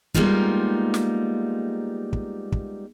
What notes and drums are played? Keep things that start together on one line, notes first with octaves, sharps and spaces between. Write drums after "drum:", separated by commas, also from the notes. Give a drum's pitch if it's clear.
G3 G#3 A#3 B3 D#4 F4, drum: kick
drum: snare
drum: kick
drum: kick